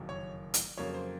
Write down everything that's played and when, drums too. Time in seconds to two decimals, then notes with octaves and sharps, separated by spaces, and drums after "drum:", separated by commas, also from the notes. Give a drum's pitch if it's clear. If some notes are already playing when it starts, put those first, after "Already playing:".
Already playing: F#1 F2 C3 D#3 F#3
0.09 C#5
0.54 drum: hi-hat
0.78 F2 C#3 F#3 A#3 C#5
0.94 C5